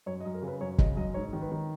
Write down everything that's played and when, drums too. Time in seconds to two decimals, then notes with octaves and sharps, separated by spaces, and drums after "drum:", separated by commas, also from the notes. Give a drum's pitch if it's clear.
0.06 F#2 C#5
0.21 D#5
0.25 F#2
0.34 A#4
0.42 C#3
0.48 B4
0.61 F#2 C#5
0.78 C#3 D#5, drum: kick
0.96 F#2 D#5
1.14 G#2 C#5
1.33 D#3
1.42 B4
1.52 D#3